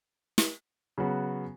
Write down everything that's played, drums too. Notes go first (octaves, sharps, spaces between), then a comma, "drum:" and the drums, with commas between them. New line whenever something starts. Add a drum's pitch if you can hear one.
drum: snare
C#3 F#3 B3 F#4